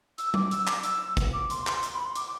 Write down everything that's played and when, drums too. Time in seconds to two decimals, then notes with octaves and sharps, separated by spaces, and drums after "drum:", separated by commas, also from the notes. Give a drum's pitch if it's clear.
0.18 E6, drum: hi-hat
0.34 D6, drum: tom F#3
0.51 E6, drum: hi-hat
0.67 D6, drum: clap
0.83 E6, drum: hi-hat
1.17 drum: kick, hi-hat
1.33 D6
1.50 C6, drum: hi-hat
1.67 C6, drum: clap
1.83 drum: hi-hat
1.95 B5
2.05 C6
2.16 D6, drum: hi-hat